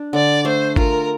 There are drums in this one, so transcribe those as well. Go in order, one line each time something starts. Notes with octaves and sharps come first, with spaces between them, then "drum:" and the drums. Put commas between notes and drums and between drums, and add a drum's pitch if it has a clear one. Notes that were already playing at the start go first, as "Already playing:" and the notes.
Already playing: D4
D3 D5
A3 C5
F4 A#4, drum: kick G#1